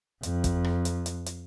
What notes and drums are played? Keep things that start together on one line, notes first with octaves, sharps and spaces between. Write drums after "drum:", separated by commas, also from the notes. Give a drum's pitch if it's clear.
F2, drum: hi-hat
drum: kick, hi-hat
drum: rim click
drum: hi-hat
drum: hi-hat
drum: hi-hat